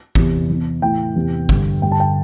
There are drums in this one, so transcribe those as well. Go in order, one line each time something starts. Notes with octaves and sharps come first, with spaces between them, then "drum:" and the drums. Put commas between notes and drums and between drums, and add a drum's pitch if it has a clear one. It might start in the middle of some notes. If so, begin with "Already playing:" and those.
E2 C3 E3, drum: kick
E2 E3
A2 E3 G5
E2 C3 E3
G2 D3, drum: kick
G2 D3 G5
A5
G5